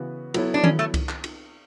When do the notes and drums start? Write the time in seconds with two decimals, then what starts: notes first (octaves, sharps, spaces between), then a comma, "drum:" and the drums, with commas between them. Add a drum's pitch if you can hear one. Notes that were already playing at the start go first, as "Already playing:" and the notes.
Already playing: C#3 E3 B3 F#4 B4
0.34 F#3 B3 E4 A4 C#5, drum: cymbal
0.54 D4
0.64 C#4, drum: tom D#3
0.79 A3
0.94 drum: kick C2, cymbal
1.09 drum: clap
1.24 drum: cymbal